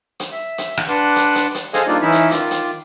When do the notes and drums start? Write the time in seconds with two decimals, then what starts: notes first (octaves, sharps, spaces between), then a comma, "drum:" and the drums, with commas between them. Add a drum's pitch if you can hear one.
0.20 drum: hi-hat
0.32 E5
0.58 drum: hi-hat
0.77 drum: rim click
0.88 D4 B4 F#5 A5 C6 D6
1.16 drum: hi-hat
1.35 drum: hi-hat
1.55 drum: hi-hat
1.74 G#4 A4 C5 D#5 F5 G#5, drum: hi-hat
1.87 G3 A#3 D4 D#4 F4 D5
2.02 E3 C#4 D#4 E4 E5
2.12 drum: hi-hat
2.31 D#3 F4 D6, drum: hi-hat
2.51 drum: hi-hat